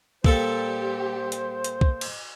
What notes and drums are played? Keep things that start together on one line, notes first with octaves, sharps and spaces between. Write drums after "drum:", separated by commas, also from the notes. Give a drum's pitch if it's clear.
A#2 G3 G4 A4 C5, drum: kick
drum: hi-hat
drum: hi-hat
drum: kick
drum: cymbal